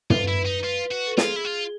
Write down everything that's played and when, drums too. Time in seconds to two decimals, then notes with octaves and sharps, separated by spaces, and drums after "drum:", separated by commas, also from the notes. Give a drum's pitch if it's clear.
0.10 F4 B4, drum: tom
0.28 E4
0.37 B4
0.46 D#4
0.63 F4 B4
0.91 F#4
1.07 A4
1.18 F4 G#4, drum: snare
1.36 E4
1.45 F4